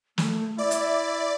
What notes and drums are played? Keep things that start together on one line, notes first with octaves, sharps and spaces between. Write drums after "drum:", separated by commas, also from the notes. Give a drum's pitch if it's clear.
A3, drum: snare
E4 D5 E5
drum: hi-hat